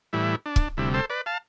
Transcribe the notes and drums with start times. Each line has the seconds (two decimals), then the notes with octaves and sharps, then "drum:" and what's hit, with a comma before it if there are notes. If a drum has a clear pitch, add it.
0.13 A2 E3 G3 E4
0.46 D4
0.56 drum: kick
0.77 D2 C3 G3 E4
0.94 A4 C5
1.10 B4 D5
1.26 F5 A5